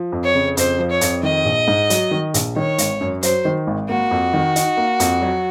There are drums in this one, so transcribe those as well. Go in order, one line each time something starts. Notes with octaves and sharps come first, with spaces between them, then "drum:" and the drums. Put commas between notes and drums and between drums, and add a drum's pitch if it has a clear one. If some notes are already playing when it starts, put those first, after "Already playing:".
Already playing: F3
F2
C#5
C#3
F2 C5, drum: hi-hat
F3
C#5
F2, drum: hi-hat
D#3 D#5
A#1
G#2
F#3, drum: hi-hat
D#3
A#1, drum: hi-hat
D#3 C#5
G#1, drum: hi-hat
F#2
F#3 C5, drum: hi-hat
D#3
G#1
A#3 F#4
F2
D#3
D#4, drum: hi-hat
A#3
F2, drum: hi-hat
F#3